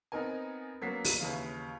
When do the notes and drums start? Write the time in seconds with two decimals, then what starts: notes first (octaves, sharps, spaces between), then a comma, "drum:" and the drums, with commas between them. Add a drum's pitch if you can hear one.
0.12 B3 C4 D#4 A#4 G#5
0.82 F#3 A#3 B3 C#4 B6 C7
1.04 drum: open hi-hat
1.20 D#2 C#3 E3 E5 F5